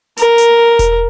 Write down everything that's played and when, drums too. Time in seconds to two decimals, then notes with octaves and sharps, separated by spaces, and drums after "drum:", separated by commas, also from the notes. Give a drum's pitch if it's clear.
0.17 A#4, drum: hi-hat
0.38 drum: hi-hat
0.79 drum: kick E1, hi-hat